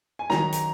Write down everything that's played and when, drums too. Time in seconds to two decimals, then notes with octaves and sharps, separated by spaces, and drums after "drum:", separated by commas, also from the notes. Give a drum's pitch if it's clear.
0.19 G#5
0.30 D#3 F#3 C#4 A#5, drum: snare
0.52 drum: hi-hat